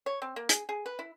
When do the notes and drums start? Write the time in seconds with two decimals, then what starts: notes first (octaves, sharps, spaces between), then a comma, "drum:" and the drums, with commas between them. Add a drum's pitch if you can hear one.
0.06 C#5
0.22 C4
0.36 A#3
0.49 G#4, drum: hi-hat
0.69 G#4
0.86 B4
0.99 E4